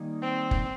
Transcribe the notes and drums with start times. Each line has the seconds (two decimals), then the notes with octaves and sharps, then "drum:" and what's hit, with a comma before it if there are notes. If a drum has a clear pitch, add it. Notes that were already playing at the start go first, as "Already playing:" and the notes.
Already playing: D#3 G3 A#3 D#4 G#4
0.22 C4
0.51 drum: kick F#1